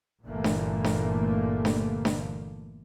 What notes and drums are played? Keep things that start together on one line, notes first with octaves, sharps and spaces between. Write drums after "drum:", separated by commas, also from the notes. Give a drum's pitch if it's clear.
G1 A#2 D3 E3 A3 A#3
drum: snare D4
drum: snare D4
drum: snare D4
drum: snare D4